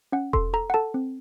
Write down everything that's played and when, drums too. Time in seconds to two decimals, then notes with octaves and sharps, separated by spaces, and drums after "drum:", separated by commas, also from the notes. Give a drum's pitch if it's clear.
0.12 C#4 F#5
0.33 A4 C6, drum: kick E1
0.53 A4 A#5
0.70 F#5
0.74 A4 A5
0.94 C4